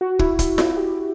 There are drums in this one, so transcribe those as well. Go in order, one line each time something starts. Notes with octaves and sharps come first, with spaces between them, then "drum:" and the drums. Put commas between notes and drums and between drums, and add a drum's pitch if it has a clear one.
F#4
E4, drum: kick
E4, drum: kick, hi-hat
E4, drum: snare F4
G4